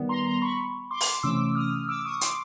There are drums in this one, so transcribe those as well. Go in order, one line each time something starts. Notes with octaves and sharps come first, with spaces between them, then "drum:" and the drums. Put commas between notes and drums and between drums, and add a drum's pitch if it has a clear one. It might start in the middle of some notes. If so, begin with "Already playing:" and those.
Already playing: D#3 G3 B3
A#5 C6
A#5 C6
B5 C#6
C6 D6
drum: open hi-hat
C3 E3 A3 C#4 D6 E6
D#6 F6
D6 E6
C#6 D#6
C6 D6, drum: hi-hat